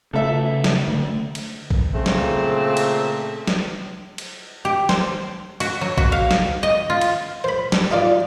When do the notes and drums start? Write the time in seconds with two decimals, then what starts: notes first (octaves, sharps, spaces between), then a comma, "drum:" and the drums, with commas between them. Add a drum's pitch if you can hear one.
0.14 C#3 A3 A4 E5
0.64 drum: snare
0.88 D3 A3
1.35 drum: cymbal
1.71 drum: kick
1.92 A#2 C#3 A3 C4
2.06 drum: snare
2.77 drum: cymbal
3.47 drum: snare
4.18 drum: cymbal
4.65 G4
4.89 C5, drum: snare
5.60 F#4, drum: cymbal
5.81 F#3
5.97 F#4, drum: kick
6.12 F5
6.31 drum: snare
6.63 D#5
6.90 F4
7.01 drum: cymbal
7.44 C5 B5
7.72 drum: snare
7.91 D#4 F4 D5